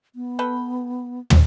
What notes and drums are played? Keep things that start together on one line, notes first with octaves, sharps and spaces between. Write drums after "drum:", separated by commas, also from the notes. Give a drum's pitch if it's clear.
B3
A4 B4 G5
drum: tom